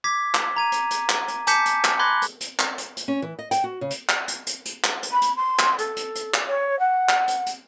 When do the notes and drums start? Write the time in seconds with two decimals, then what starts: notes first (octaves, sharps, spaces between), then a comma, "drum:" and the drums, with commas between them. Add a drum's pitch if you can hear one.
0.04 D6 G#6 B6
0.34 drum: clap
0.57 A#5 G#6 D#7
0.72 drum: hi-hat
0.91 drum: hi-hat
1.09 drum: clap
1.28 drum: hi-hat
1.47 G#5 A5 D6 G6 B6 C#7, drum: hi-hat
1.66 drum: hi-hat
1.84 drum: clap
1.99 B5 C6 D6 F#6 G#6 A#6
2.22 drum: hi-hat
2.41 drum: hi-hat
2.59 drum: clap
2.78 drum: hi-hat
2.97 drum: hi-hat
3.08 C#4
3.22 E3
3.39 D#5
3.51 G5, drum: hi-hat
3.64 F#4
3.81 C#3
3.90 drum: hi-hat
4.09 drum: clap
4.28 drum: hi-hat
4.47 drum: hi-hat
4.65 drum: hi-hat
4.84 drum: clap
5.03 drum: hi-hat
5.12 B5
5.22 drum: hi-hat
5.36 C6
5.59 drum: clap
5.79 A4, drum: hi-hat
5.97 drum: hi-hat
6.15 drum: hi-hat
6.34 drum: clap
6.47 C#5
6.79 F#5
7.09 drum: clap
7.28 drum: hi-hat
7.47 drum: hi-hat